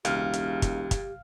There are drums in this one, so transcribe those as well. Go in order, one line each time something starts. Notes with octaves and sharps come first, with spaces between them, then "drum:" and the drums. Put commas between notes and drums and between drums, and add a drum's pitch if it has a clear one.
E1 C#2 G4 F5 F6, drum: hi-hat
drum: hi-hat
drum: kick, hi-hat
drum: kick, hi-hat